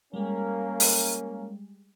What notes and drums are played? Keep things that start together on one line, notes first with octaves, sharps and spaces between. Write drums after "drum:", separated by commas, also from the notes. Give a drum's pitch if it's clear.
G3 G#3 A#3 C#4
drum: open hi-hat